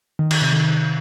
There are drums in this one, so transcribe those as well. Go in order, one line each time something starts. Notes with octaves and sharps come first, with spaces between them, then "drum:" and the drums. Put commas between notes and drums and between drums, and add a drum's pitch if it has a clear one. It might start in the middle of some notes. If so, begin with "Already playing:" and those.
D#3
D#3, drum: cymbal
C3
D#3